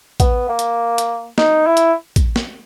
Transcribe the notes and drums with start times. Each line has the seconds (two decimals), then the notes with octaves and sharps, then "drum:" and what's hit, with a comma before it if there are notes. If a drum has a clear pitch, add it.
0.20 B3, drum: kick, hi-hat
0.49 A#3
0.59 drum: hi-hat
0.98 drum: hi-hat
1.38 D#4, drum: snare
1.66 E4
1.77 drum: hi-hat
2.16 drum: kick, hi-hat
2.36 drum: snare